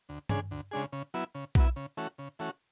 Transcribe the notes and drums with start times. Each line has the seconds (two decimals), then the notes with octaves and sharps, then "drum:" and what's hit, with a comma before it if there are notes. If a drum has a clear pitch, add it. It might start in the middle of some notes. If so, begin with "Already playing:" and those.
0.09 D2
0.29 C#3 G#3 D4 G#4, drum: tom G2
0.51 D2
0.71 C#3 G#3 D4 G#4
0.93 C#3
1.14 F#3 B3 E4
1.35 C#3
1.55 F#3 B3 E4, drum: kick B1
1.76 C#3
1.97 E3 A3 C#4 F#4
2.18 C#3
2.39 E3 A3 C#4 F#4